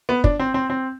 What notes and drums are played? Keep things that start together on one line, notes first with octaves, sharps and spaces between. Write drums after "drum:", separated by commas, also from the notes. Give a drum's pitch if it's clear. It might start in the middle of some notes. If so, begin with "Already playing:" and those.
B3
D4, drum: kick
C4
C4
C4